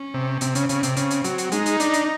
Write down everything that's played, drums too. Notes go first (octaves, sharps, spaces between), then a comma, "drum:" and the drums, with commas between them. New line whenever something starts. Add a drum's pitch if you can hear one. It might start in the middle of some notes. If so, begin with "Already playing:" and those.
Already playing: C#4
C3
C3 C4, drum: hi-hat
C#3, drum: hi-hat
C#3, drum: hi-hat
C3, drum: hi-hat
C#3, drum: hi-hat
drum: hi-hat
F#3, drum: hi-hat
drum: hi-hat
G#3 D#4, drum: hi-hat
drum: hi-hat
D4, drum: hi-hat
drum: hi-hat